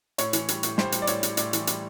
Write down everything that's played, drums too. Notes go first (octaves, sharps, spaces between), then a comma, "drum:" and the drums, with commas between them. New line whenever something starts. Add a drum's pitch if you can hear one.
A2 C#5, drum: hi-hat
E3, drum: hi-hat
G3, drum: hi-hat
A2, drum: hi-hat
G3 C5, drum: snare
G3, drum: hi-hat
D5
A2 C#5, drum: hi-hat
G3, drum: hi-hat
A2 D5, drum: hi-hat
E3, drum: hi-hat
G3, drum: hi-hat